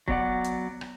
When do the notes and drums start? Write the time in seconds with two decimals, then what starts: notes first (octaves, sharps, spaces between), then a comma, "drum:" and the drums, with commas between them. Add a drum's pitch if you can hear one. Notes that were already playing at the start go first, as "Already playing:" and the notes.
0.08 F#3 B3 D5 F#5, drum: kick C#1
0.44 drum: hi-hat
0.81 drum: rim click